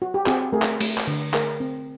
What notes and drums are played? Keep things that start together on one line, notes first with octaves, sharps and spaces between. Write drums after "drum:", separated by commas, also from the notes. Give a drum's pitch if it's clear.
F#4
G4
C4 F#4 G#4, drum: clap
A3 G#4 A#4
drum: clap
A3, drum: cymbal
drum: clap
D3
A3 G#4 A#4, drum: clap
C4